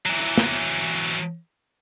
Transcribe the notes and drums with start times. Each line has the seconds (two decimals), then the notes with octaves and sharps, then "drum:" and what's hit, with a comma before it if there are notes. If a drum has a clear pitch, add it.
0.06 E3 F#3
0.19 drum: hi-hat
0.38 drum: snare